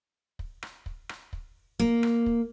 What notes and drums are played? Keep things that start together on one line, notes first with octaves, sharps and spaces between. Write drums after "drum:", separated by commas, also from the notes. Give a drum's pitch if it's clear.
drum: kick
drum: rim click
drum: kick
drum: rim click
drum: kick
A#3, drum: kick
drum: rim click
drum: kick